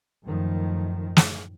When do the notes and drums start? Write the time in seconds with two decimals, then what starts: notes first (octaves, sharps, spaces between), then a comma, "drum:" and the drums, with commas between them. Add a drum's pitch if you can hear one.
0.23 F#2 A2 D#3 F3
1.17 drum: snare